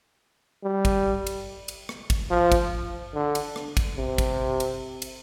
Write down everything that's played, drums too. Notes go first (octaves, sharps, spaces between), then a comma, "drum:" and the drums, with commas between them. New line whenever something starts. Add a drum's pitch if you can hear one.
G3
drum: kick, cymbal
drum: cymbal
drum: cymbal
drum: rim click
drum: kick, cymbal
F3
drum: kick, cymbal
D3
drum: cymbal
drum: rim click
drum: kick, cymbal
C3
drum: kick, cymbal
drum: cymbal
drum: cymbal